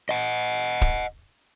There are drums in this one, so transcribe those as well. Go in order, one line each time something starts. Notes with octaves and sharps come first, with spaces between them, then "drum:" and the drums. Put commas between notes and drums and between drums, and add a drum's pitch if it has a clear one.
D#5 F#5
drum: kick